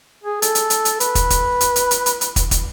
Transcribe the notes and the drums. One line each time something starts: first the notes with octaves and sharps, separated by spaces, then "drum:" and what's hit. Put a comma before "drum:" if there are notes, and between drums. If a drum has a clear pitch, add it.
G#4
A4, drum: hi-hat
drum: hi-hat
drum: hi-hat
drum: hi-hat
B4, drum: hi-hat
drum: kick, hi-hat
drum: kick, hi-hat
drum: hi-hat
drum: hi-hat
drum: hi-hat
drum: hi-hat
drum: hi-hat
drum: kick, hi-hat
drum: kick, hi-hat